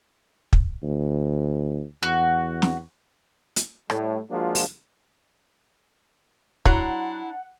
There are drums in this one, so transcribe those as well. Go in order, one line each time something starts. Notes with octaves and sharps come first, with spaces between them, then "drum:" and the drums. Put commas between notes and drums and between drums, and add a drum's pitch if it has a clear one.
drum: kick
D2
E2 F#4
drum: snare
drum: hi-hat
A2 G3, drum: rim click
F3 G#3 A#3 D4 F4 F#4
drum: open hi-hat
F#3 D4 E4 F#5 A#5 C6, drum: kick